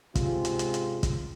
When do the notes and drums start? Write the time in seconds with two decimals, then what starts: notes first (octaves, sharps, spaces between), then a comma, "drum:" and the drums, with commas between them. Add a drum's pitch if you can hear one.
0.15 G#2 C3 G#3 C4 C#4 F4, drum: kick, hi-hat
0.45 drum: hi-hat
0.59 drum: hi-hat
0.74 drum: hi-hat
1.03 drum: kick, hi-hat